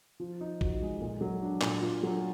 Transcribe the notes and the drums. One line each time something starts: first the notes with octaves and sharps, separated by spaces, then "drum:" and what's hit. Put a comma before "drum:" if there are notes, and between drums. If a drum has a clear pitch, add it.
F3
D#4
F#4, drum: kick
G#3
A#2
F#3
D4
A#2, drum: clap
F4
F#3